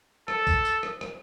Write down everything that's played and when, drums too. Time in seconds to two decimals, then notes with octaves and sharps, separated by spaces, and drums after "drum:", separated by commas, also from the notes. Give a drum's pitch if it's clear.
0.28 A4, drum: rim click
0.47 drum: kick B1, tambourine
0.65 drum: tambourine
0.83 drum: rim click
1.01 drum: rim click